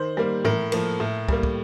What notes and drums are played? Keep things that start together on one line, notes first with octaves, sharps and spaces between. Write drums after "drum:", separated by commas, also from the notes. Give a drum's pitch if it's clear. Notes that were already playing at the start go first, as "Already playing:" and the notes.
Already playing: D#3 C5
G3 A#3
A2 A#4, drum: tom G#2
F3 A#3, drum: cymbal
A2
G3 A#3, drum: kick
drum: kick